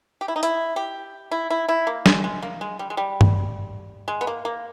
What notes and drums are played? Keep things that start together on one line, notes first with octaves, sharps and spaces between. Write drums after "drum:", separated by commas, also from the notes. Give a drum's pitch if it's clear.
G4
E4
D#4
E4, drum: hi-hat
G4
E4
E4
E4
A#3
G#3, drum: snare
G#3
A#3
G#3
G3
G#3
G3
drum: tom G2
G#3
B3
A#3
A#3